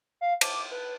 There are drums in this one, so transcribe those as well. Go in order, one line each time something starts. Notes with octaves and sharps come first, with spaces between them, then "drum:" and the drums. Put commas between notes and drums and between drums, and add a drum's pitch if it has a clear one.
F5
D6, drum: cymbal
B4